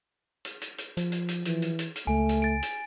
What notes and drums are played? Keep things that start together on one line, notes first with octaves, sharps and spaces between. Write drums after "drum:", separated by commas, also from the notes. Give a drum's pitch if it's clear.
drum: hi-hat
drum: hi-hat
drum: hi-hat
F3, drum: hi-hat
drum: hi-hat
drum: hi-hat
E3, drum: hi-hat
drum: hi-hat
drum: hi-hat
drum: hi-hat
C#2 A3 G#5
drum: hi-hat
A6 D7
drum: hi-hat